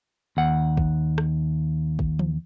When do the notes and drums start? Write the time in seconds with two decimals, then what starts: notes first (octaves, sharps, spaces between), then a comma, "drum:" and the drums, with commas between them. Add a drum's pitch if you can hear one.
0.37 D#2 F#5
0.77 drum: kick
1.18 drum: rim click
1.99 drum: kick
2.19 drum: tom E3